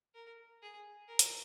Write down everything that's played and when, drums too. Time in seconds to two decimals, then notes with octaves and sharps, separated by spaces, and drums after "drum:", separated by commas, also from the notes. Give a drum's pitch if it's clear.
0.14 A#4
0.62 G#4
1.08 A#4
1.19 drum: hi-hat